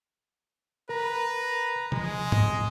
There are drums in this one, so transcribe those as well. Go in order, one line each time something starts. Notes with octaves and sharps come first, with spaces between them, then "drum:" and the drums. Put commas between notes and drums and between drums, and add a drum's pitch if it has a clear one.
A#4 B4 A#5
F3 G#3, drum: tom C3
A2 D#5, drum: tom